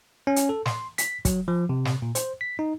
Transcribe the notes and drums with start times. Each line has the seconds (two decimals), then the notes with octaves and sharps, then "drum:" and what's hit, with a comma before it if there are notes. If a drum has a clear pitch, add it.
0.27 C#4
0.36 drum: hi-hat
0.49 A4
0.66 C6, drum: snare
0.98 B6, drum: hi-hat
1.25 F#3, drum: kick, hi-hat
1.48 F3
1.69 C3
1.85 drum: snare
2.02 A#2
2.15 C5, drum: hi-hat
2.41 B6
2.59 D#4